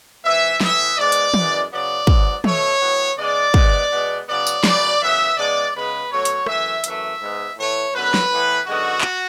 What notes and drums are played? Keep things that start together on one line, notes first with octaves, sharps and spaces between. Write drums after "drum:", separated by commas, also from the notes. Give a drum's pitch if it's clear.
G#2 E3 B3 E5
A2 E3 B3 E5, drum: snare
G#2 G#3 B3 D5
drum: hi-hat
F#2 E3 G#3 B3, drum: tom
C#3 F#3 B3 D5
G#2 F#3 B3, drum: kick
B2 A3 C#5, drum: tom
A2 F#3 B3
C#3 G#3 B3 D5
G#2 G#3 B3, drum: kick
B2 G#3 B3
C#3 F#3 B3 D5
drum: tambourine
F#2 C#3 F#3 B3 D5, drum: snare
F#2 C#3 E3 B3 E5
C#3 G#3 B3 D5
C#3 G#3 B3 B4
B2 F#3 A3 C#5
drum: hi-hat
F#2 E3 A3 E5, drum: rim click
F#2 E3 A3 E5, drum: hi-hat
G#2 G#3 B3
A2 E3 A3 C#5
F#2 D3 F#3 B3 B4
drum: snare
A2 E3 B3
F#2 D3 G#3 B3 F#4
drum: clap